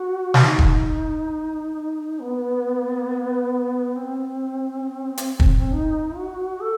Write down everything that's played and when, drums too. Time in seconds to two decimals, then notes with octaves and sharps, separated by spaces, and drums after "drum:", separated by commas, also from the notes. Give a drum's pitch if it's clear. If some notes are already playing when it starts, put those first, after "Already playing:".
Already playing: F#4
0.34 drum: snare
0.44 D#4
0.59 drum: kick
2.20 B3
3.96 C4
5.18 drum: hi-hat
5.40 drum: kick
5.72 D#4
6.16 F#4
6.60 A4